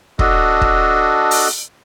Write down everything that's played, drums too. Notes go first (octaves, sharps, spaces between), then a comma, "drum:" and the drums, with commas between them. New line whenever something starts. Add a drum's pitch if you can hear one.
D4 F#4 A4 D#5, drum: kick
drum: kick
drum: open hi-hat